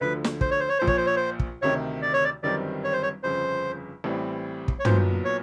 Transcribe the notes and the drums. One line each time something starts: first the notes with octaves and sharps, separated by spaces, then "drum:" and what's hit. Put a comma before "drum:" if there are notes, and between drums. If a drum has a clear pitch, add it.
D2 D3 F3 B4
drum: snare
C5, drum: kick
C#5
C5
C#5
A#1 A#2 F3 C5
C#5, drum: kick
C5
C#5
C5
drum: kick
D2 C3 D#3 C#5
D5
C#5
D5
G1 F#2 D#3 G3 C4 D5
C#5
C5
C#5
G1 F2 C#3 C5
A1 A2 E3 G3 C4
drum: kick
C#5
B1 A#2 F#3 B3 C5, drum: tom
C#5